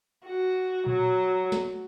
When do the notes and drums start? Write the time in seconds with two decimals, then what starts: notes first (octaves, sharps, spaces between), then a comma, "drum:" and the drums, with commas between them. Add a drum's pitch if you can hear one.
0.24 F#4
0.86 F#3, drum: tom A#2
1.52 drum: snare